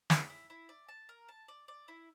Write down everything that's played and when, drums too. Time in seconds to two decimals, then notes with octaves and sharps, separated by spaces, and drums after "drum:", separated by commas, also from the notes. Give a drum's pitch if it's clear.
0.10 E4, drum: snare
0.30 E4
0.50 E4
0.69 D5
0.88 A5
1.09 A#4
1.28 A5
1.48 D5
1.68 D5
1.88 E4